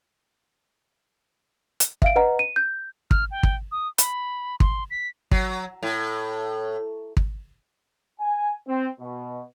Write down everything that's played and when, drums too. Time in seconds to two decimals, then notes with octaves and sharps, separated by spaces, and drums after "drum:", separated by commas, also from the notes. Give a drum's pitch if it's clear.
1.80 drum: hi-hat
2.02 E5 F5 D7, drum: kick
2.16 B4 D#5 F#5 A#5
2.39 D#7
2.56 G6
3.11 F6, drum: kick
3.31 G5
3.43 drum: kick
3.72 D#6
3.98 B5, drum: hi-hat
4.60 C6, drum: kick
4.91 B6
5.31 F#3, drum: kick
5.83 A2
7.17 drum: kick
8.20 G#5
8.68 C4
9.00 B2